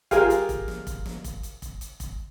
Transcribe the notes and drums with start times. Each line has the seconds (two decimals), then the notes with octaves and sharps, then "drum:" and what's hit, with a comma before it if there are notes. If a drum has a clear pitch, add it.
0.11 F4 G4 G#4 A#4, drum: kick, hi-hat
0.30 drum: hi-hat
0.49 drum: kick, hi-hat
0.68 drum: snare
0.87 drum: kick, hi-hat
1.06 drum: snare
1.24 drum: kick, hi-hat
1.43 drum: hi-hat
1.62 drum: kick, hi-hat
1.81 drum: hi-hat
2.00 drum: kick, hi-hat